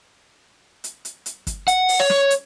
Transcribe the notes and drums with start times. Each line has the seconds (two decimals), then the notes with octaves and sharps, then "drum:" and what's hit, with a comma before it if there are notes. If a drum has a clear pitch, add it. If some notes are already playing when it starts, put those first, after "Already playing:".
0.84 drum: hi-hat
1.05 drum: hi-hat
1.26 drum: hi-hat
1.47 drum: kick, hi-hat
1.68 F#5, drum: hi-hat
1.89 drum: open hi-hat
2.00 C#5
2.10 drum: snare
2.31 drum: hi-hat